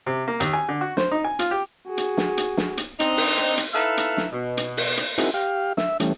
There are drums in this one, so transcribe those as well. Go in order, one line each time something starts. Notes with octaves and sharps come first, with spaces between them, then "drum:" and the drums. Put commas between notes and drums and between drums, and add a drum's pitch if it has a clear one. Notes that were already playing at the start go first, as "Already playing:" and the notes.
C3
A#3
D#2, drum: hi-hat
G#5
D3
F#4
C5, drum: snare
D#4
G#5
F4, drum: hi-hat
G4
F#4 G#4
drum: hi-hat
drum: snare
drum: hi-hat
drum: snare
drum: hi-hat
C4 D4 D#4, drum: hi-hat
drum: open hi-hat
drum: hi-hat
drum: hi-hat
D#4 E4 A4 B4 E5 F5
drum: hi-hat
drum: snare
B2
drum: hi-hat
drum: open hi-hat
drum: hi-hat
C4 D#4 E4 F#4 G#4 A#4, drum: hi-hat
G4 F5
E5, drum: snare
E3 G3 A3 C#4, drum: hi-hat